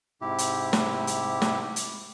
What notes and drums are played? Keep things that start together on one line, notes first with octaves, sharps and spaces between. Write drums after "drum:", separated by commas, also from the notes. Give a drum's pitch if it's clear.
G#2 C3 E4 G4
drum: hi-hat
drum: snare
drum: hi-hat
drum: snare
drum: hi-hat